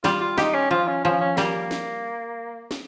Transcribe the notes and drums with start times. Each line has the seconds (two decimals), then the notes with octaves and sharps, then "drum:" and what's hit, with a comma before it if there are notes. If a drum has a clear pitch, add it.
0.04 G3 F4, drum: snare
0.21 F4
0.38 D#4 G4, drum: snare
0.54 C#4
0.71 F3 F4
0.88 C#4
1.04 F3 C#4
1.20 C#4
1.37 G3 A#3, drum: snare
1.71 drum: snare
2.71 drum: snare